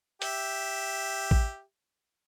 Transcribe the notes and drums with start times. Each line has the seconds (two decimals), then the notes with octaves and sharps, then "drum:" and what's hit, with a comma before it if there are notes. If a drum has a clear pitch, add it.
0.22 G4 E5, drum: hi-hat
1.31 drum: kick A1